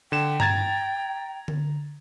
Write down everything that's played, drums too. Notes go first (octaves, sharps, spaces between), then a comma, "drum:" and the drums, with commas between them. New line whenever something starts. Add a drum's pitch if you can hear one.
D3 G5 E7
A#5 G#6 A6, drum: tom G2
drum: tom D3